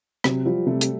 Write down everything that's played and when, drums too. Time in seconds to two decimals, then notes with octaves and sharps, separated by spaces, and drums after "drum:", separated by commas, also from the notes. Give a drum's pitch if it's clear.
0.24 C3 F#3, drum: rim click
0.46 F3 G3
0.66 C3 A3
0.81 drum: hi-hat